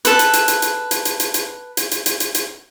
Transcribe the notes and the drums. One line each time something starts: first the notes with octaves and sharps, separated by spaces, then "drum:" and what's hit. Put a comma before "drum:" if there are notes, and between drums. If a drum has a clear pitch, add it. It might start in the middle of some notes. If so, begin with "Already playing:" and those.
A4 B4, drum: hi-hat
drum: hi-hat
drum: hi-hat
drum: hi-hat
drum: hi-hat
drum: hi-hat
drum: hi-hat
drum: hi-hat
drum: hi-hat
drum: hi-hat
drum: hi-hat
drum: hi-hat
drum: hi-hat
drum: hi-hat